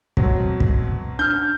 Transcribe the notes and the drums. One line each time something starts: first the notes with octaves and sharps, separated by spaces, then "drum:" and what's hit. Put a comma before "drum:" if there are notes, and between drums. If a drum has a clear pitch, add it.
B2 F#3 C4, drum: kick
drum: kick
D4 F6 G6